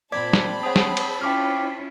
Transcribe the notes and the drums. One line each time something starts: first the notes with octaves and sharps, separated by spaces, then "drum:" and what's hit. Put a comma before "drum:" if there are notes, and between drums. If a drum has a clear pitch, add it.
A#2 C4 D5 A5 B5 D6 G#6 B6
drum: snare
G#4 C5 C#5 F#5 D#6
drum: snare
drum: cymbal
C#4 E4 F4 G5 D6 F6